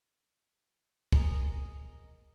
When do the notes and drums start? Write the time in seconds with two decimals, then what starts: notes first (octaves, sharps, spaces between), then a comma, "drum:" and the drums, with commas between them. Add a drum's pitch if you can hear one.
1.12 G#4 A#4 D#5, drum: kick